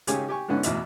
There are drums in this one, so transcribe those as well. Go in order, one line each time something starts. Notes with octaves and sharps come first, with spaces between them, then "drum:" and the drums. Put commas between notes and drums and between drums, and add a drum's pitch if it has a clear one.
G#1 C#3 G4 G#4 C#5 G#5, drum: hi-hat
G4 G#5 C#6
G#1 G#2 D3 B3 C#4 F#5
A1 E2 B2 E5, drum: hi-hat